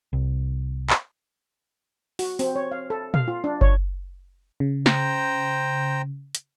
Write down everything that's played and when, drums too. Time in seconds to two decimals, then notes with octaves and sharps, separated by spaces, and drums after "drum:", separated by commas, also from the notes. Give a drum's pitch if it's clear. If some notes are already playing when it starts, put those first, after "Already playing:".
0.13 C2
0.90 drum: clap
2.19 F#4, drum: open hi-hat
2.39 C4, drum: open hi-hat
2.56 C#5
2.72 F5
2.90 A4
3.14 F5, drum: tom
3.28 F4
3.44 D4
3.61 C#5, drum: kick F#1
4.60 C#3
4.86 C5 G5 A#5, drum: snare
6.35 drum: hi-hat